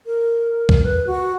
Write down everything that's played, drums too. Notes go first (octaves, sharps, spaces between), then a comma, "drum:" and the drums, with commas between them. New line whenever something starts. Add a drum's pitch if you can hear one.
A#4
drum: kick
B4
F#4